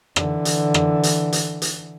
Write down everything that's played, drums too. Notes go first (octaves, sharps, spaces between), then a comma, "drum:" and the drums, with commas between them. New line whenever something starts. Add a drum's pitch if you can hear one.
D3 E3, drum: rim click
drum: hi-hat
drum: rim click
drum: hi-hat
drum: hi-hat
drum: hi-hat